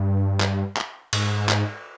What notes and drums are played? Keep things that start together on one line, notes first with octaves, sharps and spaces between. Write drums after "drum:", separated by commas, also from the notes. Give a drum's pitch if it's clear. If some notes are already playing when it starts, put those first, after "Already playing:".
Already playing: G2
drum: clap
drum: clap
G#2, drum: cymbal
drum: clap